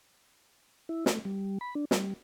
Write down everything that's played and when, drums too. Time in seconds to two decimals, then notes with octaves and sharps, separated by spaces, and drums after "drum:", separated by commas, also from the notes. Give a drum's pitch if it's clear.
0.89 E4
1.06 A3, drum: snare
1.25 G3
1.61 B5
1.75 D4
1.91 G3, drum: snare